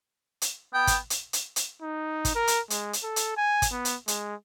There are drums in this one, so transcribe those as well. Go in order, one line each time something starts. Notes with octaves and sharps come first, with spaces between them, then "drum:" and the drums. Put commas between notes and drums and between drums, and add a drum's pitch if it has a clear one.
drum: hi-hat
B3 G5
drum: kick, hi-hat
drum: hi-hat
drum: hi-hat
drum: hi-hat
D#4
drum: kick, hi-hat
A#4
drum: hi-hat
G#3, drum: hi-hat
drum: hi-hat
A4
drum: hi-hat
G#5
drum: kick, hi-hat
B3
drum: hi-hat
G#3, drum: hi-hat